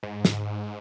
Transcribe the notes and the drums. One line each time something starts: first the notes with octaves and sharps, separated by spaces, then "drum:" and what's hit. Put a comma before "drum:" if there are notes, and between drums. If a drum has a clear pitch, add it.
G#2
drum: snare